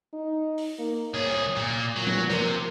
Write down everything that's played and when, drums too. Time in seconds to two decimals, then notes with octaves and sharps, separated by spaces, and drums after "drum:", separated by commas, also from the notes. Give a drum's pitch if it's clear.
0.13 D#4
0.58 drum: open hi-hat
0.79 A#3
1.14 C2 G#4 C#5
1.56 A#2
1.96 A#2 F#3
2.07 drum: tom F3
2.30 C3 A#4, drum: snare